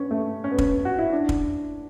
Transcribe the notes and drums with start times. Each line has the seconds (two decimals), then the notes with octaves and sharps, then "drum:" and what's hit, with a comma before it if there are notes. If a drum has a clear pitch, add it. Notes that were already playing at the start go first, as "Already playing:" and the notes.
Already playing: B3 C#4
0.11 A3
0.44 C#4
0.51 B3
0.58 C#4, drum: kick
0.85 F#4
0.99 E4
1.12 D4
1.29 drum: kick